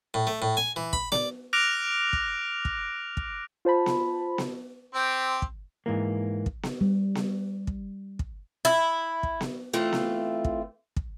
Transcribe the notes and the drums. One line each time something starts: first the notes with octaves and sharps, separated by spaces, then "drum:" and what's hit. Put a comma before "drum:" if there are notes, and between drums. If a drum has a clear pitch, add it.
A2
A3
A2
G#5
E3
B5, drum: kick
D5, drum: snare B3
D6 F6 F#6 A#6 D7 F7
drum: kick
drum: kick
drum: kick
F4 C5 A5 B5
drum: snare B3
drum: snare B3
C4 G4
drum: kick
G#2 E3 A#3
drum: kick
drum: snare B3
G3
drum: snare B3
drum: kick
drum: kick
E4
drum: kick
drum: snare B3
E3 A3 C4 F4
drum: snare B3
drum: kick
drum: kick